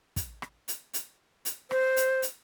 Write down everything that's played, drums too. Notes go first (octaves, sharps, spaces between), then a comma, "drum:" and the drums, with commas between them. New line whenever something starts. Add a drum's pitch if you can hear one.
drum: kick, hi-hat
drum: rim click
drum: hi-hat
drum: hi-hat
drum: hi-hat
C5, drum: rim click
drum: hi-hat
drum: hi-hat